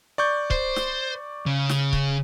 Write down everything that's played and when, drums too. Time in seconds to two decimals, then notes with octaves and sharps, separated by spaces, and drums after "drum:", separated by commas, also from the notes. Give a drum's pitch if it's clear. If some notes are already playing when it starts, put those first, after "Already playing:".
0.18 D5 C#6 G6
0.50 C5, drum: kick
0.76 drum: snare
1.46 C#3
1.69 drum: snare
1.93 drum: kick